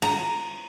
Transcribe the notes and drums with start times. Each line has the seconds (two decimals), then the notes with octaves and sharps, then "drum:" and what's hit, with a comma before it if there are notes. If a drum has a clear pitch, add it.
0.02 A#5, drum: cymbal